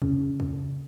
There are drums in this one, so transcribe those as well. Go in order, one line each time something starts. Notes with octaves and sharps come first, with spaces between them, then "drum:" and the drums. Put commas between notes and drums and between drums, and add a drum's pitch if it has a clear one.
C#3, drum: kick
drum: kick